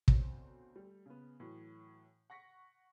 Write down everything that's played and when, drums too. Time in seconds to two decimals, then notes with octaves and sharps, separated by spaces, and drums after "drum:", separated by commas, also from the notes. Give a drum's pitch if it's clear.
0.08 D2 B2 C4 C#5, drum: kick
0.76 G3 A3
1.06 C#3 B3
1.40 A2 E3 F#3
2.30 F#5 C#6 A#6 B6 C#7